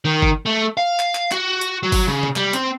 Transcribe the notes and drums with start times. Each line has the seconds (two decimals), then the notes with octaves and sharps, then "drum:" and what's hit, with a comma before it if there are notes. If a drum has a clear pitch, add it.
0.05 D#3
0.22 drum: kick G1
0.46 A3
0.77 F5
1.00 drum: clap
1.15 drum: clap
1.31 F#4, drum: clap
1.61 drum: hi-hat
1.83 F#3
1.92 drum: kick G1, open hi-hat
2.08 C#3
2.23 drum: tom C3
2.36 G3, drum: clap
2.53 C4, drum: hi-hat